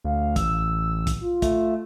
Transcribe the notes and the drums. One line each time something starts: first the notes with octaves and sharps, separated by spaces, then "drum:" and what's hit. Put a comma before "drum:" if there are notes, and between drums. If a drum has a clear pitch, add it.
D2 F5
A1 E6, drum: kick, hi-hat
drum: kick, hi-hat
F4
A3, drum: kick, hi-hat